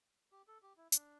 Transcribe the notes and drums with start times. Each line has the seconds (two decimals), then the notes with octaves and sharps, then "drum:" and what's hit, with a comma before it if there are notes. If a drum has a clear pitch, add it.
0.32 G4
0.48 A4
0.63 G4
0.77 E4
0.92 D4, drum: hi-hat